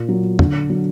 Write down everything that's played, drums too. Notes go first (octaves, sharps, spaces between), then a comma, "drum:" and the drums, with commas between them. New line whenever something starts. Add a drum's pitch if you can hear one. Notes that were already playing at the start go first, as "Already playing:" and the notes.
Already playing: A#2
F#3
D3, drum: tom E2
F#3